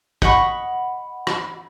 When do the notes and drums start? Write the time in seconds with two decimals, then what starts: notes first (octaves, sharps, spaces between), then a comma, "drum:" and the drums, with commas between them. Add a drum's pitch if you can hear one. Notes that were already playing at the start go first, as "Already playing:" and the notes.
0.22 D#5 F#5 B5 C#6, drum: kick
1.27 drum: rim click